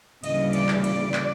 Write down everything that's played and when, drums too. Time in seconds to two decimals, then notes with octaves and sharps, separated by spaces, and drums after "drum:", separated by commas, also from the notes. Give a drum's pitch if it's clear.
0.24 D2 C#3 E3 G3 A#3 D#5, drum: cymbal
0.53 D5, drum: cymbal
0.68 drum: clap
0.84 D5, drum: cymbal
1.14 drum: clap